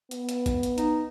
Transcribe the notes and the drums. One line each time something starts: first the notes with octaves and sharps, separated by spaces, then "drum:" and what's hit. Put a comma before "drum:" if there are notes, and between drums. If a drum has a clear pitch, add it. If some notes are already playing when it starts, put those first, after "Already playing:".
B3, drum: hi-hat
drum: hi-hat
drum: kick, hi-hat
drum: hi-hat
D#4, drum: hi-hat